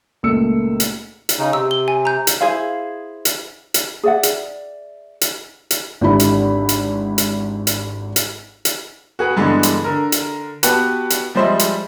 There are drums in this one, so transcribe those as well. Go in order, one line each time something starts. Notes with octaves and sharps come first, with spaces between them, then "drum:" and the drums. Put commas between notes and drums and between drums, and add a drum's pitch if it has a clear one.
C#2 A#2 A3 A#3 E6 C#7
drum: hi-hat
drum: hi-hat
C#3 D#4
C3 E6
G7
G#5
A#5 G6
drum: hi-hat
E4 G#4 C5 F5
drum: hi-hat
drum: hi-hat
G#4 D5 E5 F#5
drum: hi-hat
drum: hi-hat
drum: hi-hat
G#1 D3 E4 G4 B5
drum: hi-hat
drum: hi-hat
drum: hi-hat
drum: hi-hat
drum: hi-hat
drum: hi-hat
F#4 G#4 B4
G2 D3 E3 G#3 B3
drum: hi-hat
D3 A#4
drum: hi-hat
B3 F#4 G4 B4 A5, drum: hi-hat
drum: hi-hat
F3 G3 G#3 C5 D#5 E5
drum: hi-hat